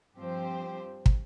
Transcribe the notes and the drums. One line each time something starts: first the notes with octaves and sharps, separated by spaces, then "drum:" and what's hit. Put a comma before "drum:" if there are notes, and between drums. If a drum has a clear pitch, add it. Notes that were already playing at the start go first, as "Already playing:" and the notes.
G2 F3 C4 G4 C5
drum: kick